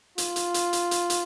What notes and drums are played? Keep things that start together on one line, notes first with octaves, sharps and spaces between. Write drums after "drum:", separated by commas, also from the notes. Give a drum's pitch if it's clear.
F4, drum: hi-hat
drum: hi-hat
drum: hi-hat
drum: hi-hat
drum: hi-hat
drum: hi-hat